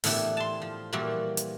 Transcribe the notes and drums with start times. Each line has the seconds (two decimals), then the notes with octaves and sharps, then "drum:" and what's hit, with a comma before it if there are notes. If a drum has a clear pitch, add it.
0.04 A2 E3 B3 D4 E4 G4, drum: open hi-hat
0.37 A5 C6
0.62 F3
0.93 A#2 E3 F3 G3 F#4
1.37 drum: hi-hat